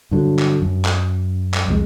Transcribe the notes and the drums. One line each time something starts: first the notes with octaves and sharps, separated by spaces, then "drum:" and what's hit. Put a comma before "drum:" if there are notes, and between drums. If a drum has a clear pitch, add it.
G2 D3 F#3
drum: clap
F#2
drum: clap
drum: clap
C2 F2 F#3 G#3